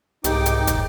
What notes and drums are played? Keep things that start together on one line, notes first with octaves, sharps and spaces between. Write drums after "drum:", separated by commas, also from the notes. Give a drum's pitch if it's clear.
C2 G#2 D#4 G4 G#4 A#4 G5 D6, drum: hi-hat
drum: hi-hat
drum: kick, hi-hat